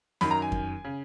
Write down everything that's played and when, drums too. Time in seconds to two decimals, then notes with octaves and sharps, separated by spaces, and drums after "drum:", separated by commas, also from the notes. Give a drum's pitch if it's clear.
0.21 F#2 D#3 B5, drum: snare
0.31 A#5
0.42 G#5
0.52 drum: kick F2
0.84 C#3